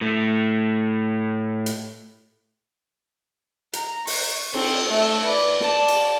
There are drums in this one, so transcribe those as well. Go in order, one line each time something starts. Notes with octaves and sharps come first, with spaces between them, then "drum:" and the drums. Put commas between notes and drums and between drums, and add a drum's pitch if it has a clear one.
A2 A3
drum: hi-hat
A#5, drum: hi-hat
C#6, drum: open hi-hat
C4, drum: cymbal
A3
B4 D5
D5 A5, drum: snare
drum: cymbal